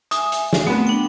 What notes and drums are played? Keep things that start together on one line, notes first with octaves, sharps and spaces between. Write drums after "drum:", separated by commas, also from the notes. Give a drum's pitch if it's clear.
E5 G#5 D#6, drum: hi-hat
drum: hi-hat
drum: snare
A3 B3 C4 B4
D4 G5